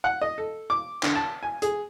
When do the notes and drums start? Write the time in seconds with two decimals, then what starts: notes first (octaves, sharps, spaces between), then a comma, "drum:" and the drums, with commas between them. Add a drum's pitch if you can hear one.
0.04 F#5
0.22 D#5
0.38 A4
0.70 D6
1.03 D3, drum: clap
1.15 A5
1.43 G#5
1.62 G#4, drum: hi-hat